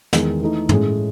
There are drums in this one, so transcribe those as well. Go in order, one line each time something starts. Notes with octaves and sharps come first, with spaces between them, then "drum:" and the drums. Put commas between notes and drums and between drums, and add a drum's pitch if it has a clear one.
E2 D#3 G#3 D#4 G#4, drum: snare
E3 A3 D#4
A2 G#3 C#4 G#4, drum: tom